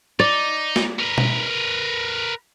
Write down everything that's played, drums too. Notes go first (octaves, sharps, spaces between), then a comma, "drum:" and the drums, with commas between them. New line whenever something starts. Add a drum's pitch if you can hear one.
D#4 D5
drum: snare
A#4 B4
drum: tom B2